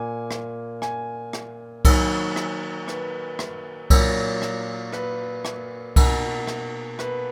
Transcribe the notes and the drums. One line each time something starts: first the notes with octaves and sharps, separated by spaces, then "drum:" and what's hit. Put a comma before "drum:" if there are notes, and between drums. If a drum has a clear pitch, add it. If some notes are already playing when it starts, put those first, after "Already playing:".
Already playing: A#2 A#3 G#5
drum: rim click
G#5, drum: rim click
drum: rim click
D#3 F#3 A#3 A#4, drum: kick C2, cymbal
drum: rim click
B4, drum: rim click
drum: rim click
A#2 F#3 A#3 C#5, drum: kick C2, cymbal
drum: rim click
B4, drum: rim click
drum: rim click
B2 A#3, drum: kick C2, cymbal
drum: rim click
B4, drum: rim click